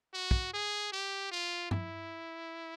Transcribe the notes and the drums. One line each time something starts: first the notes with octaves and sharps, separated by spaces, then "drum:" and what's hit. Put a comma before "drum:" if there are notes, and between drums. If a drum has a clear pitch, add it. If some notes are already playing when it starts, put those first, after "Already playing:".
F#4
drum: kick
G#4
G4
F4
E4, drum: tom